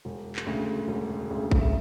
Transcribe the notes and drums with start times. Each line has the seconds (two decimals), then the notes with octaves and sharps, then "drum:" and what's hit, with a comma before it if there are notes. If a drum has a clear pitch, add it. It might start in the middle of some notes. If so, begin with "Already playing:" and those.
0.05 E1
0.36 drum: clap
0.47 D2 C#3
0.88 E1
1.30 D2 C#3
1.51 drum: kick A1
1.61 E5